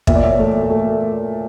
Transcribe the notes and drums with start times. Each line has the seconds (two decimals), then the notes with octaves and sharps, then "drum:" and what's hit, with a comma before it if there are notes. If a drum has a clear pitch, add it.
0.07 A#2 E5, drum: kick
0.16 D5
0.23 C#5 E5
0.39 A3
0.70 A3